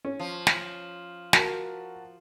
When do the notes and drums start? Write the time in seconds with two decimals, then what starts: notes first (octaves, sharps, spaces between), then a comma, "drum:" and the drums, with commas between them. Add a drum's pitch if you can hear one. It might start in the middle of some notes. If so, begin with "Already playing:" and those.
0.05 C#4
0.19 F3
0.47 drum: snare
1.33 F#4 A#4 A5, drum: snare